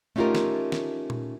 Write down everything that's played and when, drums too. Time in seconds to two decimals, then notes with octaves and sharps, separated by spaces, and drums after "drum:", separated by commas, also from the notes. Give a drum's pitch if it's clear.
0.16 A3 C#4 D#4 F4 G4 A#4
0.35 drum: snare
0.72 drum: snare
1.10 drum: tom A#2